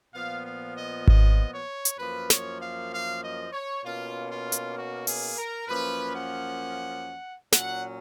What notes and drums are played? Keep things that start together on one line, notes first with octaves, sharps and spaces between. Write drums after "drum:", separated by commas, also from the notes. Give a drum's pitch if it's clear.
A#2 F3 B3 F5
F5
D#5
D#5, drum: kick G#1
C#5
drum: hi-hat
F#2 F3 A#3 B4
C#5, drum: snare
F5
F5
D#5
C#5
B2 A#3 C#4 F4
F4
drum: hi-hat
F#4
G#4, drum: open hi-hat
A#4
F#2 F3 A#3 C#4 B4
F#5
A#2 F#3 C#4 F#5, drum: snare